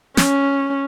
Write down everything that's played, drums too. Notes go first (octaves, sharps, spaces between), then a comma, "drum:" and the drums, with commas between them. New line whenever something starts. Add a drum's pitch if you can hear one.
C#4, drum: snare